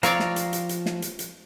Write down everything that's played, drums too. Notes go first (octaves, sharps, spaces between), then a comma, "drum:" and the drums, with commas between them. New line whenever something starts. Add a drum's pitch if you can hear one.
F3 C4 C#5 D5 F5 A#5, drum: hi-hat
drum: snare
drum: hi-hat
drum: hi-hat
drum: hi-hat
drum: snare
drum: hi-hat
drum: hi-hat